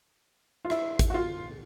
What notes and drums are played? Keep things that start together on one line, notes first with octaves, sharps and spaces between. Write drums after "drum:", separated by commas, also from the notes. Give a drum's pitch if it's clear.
F4
E4, drum: rim click
drum: kick, hi-hat
F#4
F4